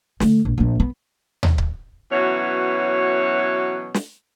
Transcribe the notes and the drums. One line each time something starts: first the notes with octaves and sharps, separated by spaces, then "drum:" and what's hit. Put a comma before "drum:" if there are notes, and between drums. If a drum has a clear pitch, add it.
D3 A3, drum: snare
A#1
A#1 A#3
B3
drum: tom D#2
drum: kick C#1
B2 E3 F#3 C#4 C#5
drum: snare